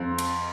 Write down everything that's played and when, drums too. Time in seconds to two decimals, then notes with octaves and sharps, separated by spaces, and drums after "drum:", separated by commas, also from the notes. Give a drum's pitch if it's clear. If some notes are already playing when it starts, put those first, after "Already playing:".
Already playing: F2
0.18 drum: cymbal